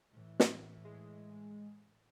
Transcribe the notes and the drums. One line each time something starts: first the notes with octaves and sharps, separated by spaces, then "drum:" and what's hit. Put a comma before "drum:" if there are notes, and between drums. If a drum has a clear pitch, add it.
A2 E3
drum: snare
G#3